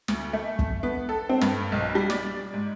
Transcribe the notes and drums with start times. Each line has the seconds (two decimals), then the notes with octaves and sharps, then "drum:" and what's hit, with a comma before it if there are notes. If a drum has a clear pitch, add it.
0.08 D2, drum: snare
0.33 A3
0.59 drum: kick
0.83 B3
1.09 A4
1.29 C4
1.41 G2, drum: snare
1.72 B1
1.95 G3
2.10 D5, drum: snare
2.53 G#2